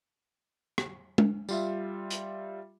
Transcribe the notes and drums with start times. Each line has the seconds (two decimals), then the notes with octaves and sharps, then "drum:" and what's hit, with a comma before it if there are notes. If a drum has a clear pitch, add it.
0.78 drum: rim click
1.18 drum: tom G#3
1.49 G3 F4 E5, drum: tambourine
2.10 drum: hi-hat